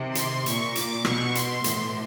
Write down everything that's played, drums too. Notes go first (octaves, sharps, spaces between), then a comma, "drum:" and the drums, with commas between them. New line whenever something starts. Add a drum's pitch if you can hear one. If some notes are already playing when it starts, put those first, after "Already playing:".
Already playing: C3 D#3
C6, drum: hi-hat
A#2 C#6, drum: hi-hat
D6, drum: hi-hat
B2 C#6, drum: rim click
C6, drum: hi-hat
A2 E3, drum: hi-hat